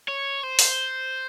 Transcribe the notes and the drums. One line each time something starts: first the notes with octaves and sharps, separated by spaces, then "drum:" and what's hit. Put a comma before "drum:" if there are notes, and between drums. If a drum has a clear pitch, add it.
C#5
C5
drum: open hi-hat